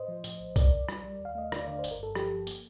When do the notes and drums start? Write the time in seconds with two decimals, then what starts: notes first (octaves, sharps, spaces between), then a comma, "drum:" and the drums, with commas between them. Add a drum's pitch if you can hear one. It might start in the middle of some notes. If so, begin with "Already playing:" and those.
Already playing: A2 C5 D#5
0.08 F3
0.24 A2, drum: tambourine
0.40 A#1
0.56 A#1 A#4 D5, drum: kick, tambourine
0.72 A#1
0.88 G3, drum: rim click
1.04 G3
1.20 D#2
1.25 F5
1.35 A3 D#5
1.52 D3 A#4 D5, drum: rim click
1.67 D3 D5
1.79 C5
1.84 G1, drum: tambourine
1.91 A#4
1.99 G2 A4
2.15 F3 G4, drum: rim click
2.31 G1
2.47 A#3, drum: tambourine